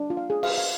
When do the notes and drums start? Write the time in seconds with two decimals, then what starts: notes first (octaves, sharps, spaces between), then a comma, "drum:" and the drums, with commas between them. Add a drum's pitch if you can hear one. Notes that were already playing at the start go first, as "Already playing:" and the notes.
Already playing: D4
0.10 F4
0.17 F5
0.30 G#4
0.43 F5, drum: cymbal
0.49 B4
0.58 F5